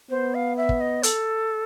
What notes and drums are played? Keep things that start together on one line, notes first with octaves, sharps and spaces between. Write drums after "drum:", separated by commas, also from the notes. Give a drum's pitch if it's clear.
B3 C5
F5
E5
drum: kick
D#5
A4, drum: hi-hat